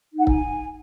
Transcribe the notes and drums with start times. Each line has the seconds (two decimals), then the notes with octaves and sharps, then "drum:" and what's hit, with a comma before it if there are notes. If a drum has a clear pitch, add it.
0.13 D#4
0.18 F#5
0.27 G#5, drum: kick